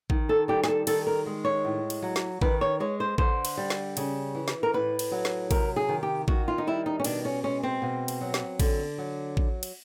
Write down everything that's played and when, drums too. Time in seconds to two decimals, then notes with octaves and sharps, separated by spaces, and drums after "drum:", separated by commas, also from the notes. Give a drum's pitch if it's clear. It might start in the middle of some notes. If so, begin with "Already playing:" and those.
0.10 D#3, drum: kick A1
0.29 A4
0.48 G3 G4
0.64 G#4, drum: snare
0.68 A4
0.87 D#3 A4, drum: cymbal
1.07 A#4
1.26 G#3
1.45 C#5
1.65 A2
1.90 drum: cymbal
2.02 F#3
2.16 drum: snare
2.41 D#3 B4, drum: kick A1
2.61 C#5
2.80 G#3 C#5
3.00 C5
3.18 D3 C5, drum: kick A1
3.45 drum: cymbal
3.57 G3
3.70 drum: snare
3.97 C#3, drum: cymbal
4.35 E3
4.48 drum: snare
4.63 A#4
4.74 A2 B4
4.99 drum: cymbal
5.12 F#3
5.25 drum: snare
5.51 C3 A#4, drum: kick A1, cymbal
5.76 G#4
5.89 D#3
6.03 G4
6.28 D#3 F#4, drum: kick A1
6.48 F4
6.58 D#4
6.67 G3 E4
6.86 D#4
7.00 C#4
7.04 B2 D4, drum: cymbal
7.25 C#4
7.43 G#3 C#4
7.63 C4
7.82 B2
8.08 drum: cymbal
8.21 F#3
8.34 drum: snare
8.60 D3, drum: kick A1, cymbal
8.98 F#3
9.37 drum: kick A1
9.63 drum: cymbal